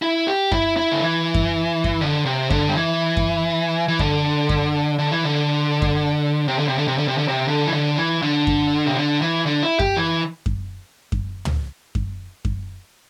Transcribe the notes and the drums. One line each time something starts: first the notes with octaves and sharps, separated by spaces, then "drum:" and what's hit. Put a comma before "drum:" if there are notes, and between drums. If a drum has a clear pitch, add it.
E4
G4
E4, drum: kick F#2
E4
D3
E3
drum: kick F#2
drum: kick F#2
D3
C3
D3, drum: kick F#2
G3
E3
drum: kick F#2
E3
D3, drum: kick F#2
drum: kick F#2
D3
E3
D3
drum: kick F#2
C3
D3
C3
D3
C3
D3
C3
D3
C3
D3
E3
D3
E3
D3
drum: kick F#2
C3
D3
E3
D3
E4
G4, drum: kick F#2
E3
drum: kick F#2
drum: kick F#2
drum: tom
drum: kick F#2
drum: kick F#2